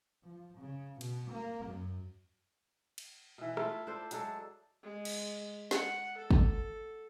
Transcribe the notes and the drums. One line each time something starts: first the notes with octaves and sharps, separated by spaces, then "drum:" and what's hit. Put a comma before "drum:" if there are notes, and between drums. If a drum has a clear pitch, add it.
F3
C#3
B2, drum: cymbal
A#3
F#2
drum: cymbal
B2 E3
A3 E4 F4, drum: rim click
D4 A4 C5
F#3 G#3 D4 A4, drum: hi-hat
G#3
drum: cymbal
F#5, drum: snare
A4
drum: kick